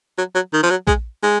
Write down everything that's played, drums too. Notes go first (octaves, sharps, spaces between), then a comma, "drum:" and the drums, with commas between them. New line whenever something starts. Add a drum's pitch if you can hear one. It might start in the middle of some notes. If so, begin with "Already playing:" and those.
F#3
F#3
D#3
F3
F#3
G#3, drum: kick A#1
G#3